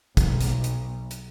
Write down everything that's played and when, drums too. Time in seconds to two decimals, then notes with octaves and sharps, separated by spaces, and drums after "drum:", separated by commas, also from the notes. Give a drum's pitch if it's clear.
0.17 B1, drum: kick, hi-hat
0.41 drum: hi-hat
0.64 drum: hi-hat
1.11 drum: hi-hat